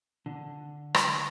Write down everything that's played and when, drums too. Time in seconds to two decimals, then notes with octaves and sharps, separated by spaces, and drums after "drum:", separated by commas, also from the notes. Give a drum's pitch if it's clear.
0.26 D3
0.94 drum: rim click